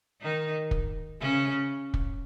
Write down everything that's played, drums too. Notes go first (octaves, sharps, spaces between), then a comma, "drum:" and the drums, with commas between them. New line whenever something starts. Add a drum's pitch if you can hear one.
D#3 D#4
drum: kick
C#3 C#4
drum: kick